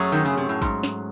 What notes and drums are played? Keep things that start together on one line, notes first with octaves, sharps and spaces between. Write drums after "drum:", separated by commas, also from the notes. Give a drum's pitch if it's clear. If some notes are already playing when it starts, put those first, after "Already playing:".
Already playing: F#2 F#3 A3 C#4 G#4
D#3
C#3
C3
A2
G#2, drum: kick, tambourine
drum: snare